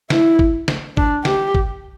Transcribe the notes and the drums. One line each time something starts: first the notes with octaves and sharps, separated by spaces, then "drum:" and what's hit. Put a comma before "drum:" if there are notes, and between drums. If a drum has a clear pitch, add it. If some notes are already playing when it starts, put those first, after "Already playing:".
E4, drum: snare
drum: kick
drum: snare
D4, drum: kick
G4, drum: snare
drum: kick